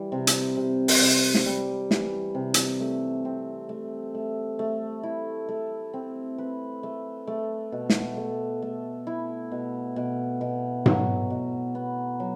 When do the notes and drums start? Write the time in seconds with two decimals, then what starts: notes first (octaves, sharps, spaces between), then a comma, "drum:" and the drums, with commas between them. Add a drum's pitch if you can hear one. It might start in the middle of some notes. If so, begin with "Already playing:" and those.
Already playing: E3 G3
0.12 C3
0.27 drum: hi-hat
0.57 C3
0.88 drum: open hi-hat
1.01 C3
1.34 drum: snare
1.46 G3
1.91 E3, drum: snare
2.35 C3
2.54 drum: hi-hat
2.80 A3
3.25 C4
3.69 A3
4.15 A3
4.59 A3
5.03 E4
5.49 A3
5.94 C4
6.38 B4
6.83 A3
7.27 A3
7.72 B2
7.90 drum: snare
8.17 A3
8.62 A3
9.07 E4
9.52 B2
9.96 B2
10.41 B2
10.86 F#3, drum: tom G#2
11.30 B2
11.75 B3
12.20 F#3